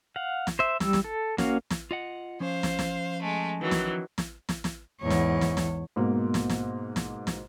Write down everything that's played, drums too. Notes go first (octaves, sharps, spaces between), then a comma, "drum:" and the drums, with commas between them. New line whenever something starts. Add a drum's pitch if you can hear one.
F5 F#5
drum: snare
C5 E5
G3 E6, drum: snare
drum: snare
A4
A#3 C#4 F#4 F5, drum: snare
drum: snare
F4 D#5 F#5
F3 C#4 C5 F5
drum: snare
drum: snare
G#3 A3
D#3 E3 F#3
drum: snare
drum: snare
drum: snare
drum: snare
E2 G#2 C#5
drum: snare
drum: snare
drum: snare
G#2 B2 A#3
drum: snare
drum: snare
drum: snare
drum: snare